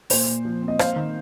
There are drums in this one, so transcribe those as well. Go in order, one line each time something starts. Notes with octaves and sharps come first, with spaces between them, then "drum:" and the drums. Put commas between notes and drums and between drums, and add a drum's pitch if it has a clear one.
A#2 C5, drum: open hi-hat
A#2
F3
C4
D#5
A#3 C5 F5, drum: rim click
D#3